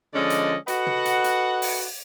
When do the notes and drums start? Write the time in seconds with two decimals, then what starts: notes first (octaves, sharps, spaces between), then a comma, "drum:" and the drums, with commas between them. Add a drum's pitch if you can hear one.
0.14 D3 F3 G#3 C#4 D5 D#5
0.30 drum: hi-hat
0.68 F#4 A4 B4 D#5 F#5, drum: hi-hat
0.87 drum: tom
1.05 drum: hi-hat
1.24 drum: hi-hat
1.62 drum: open hi-hat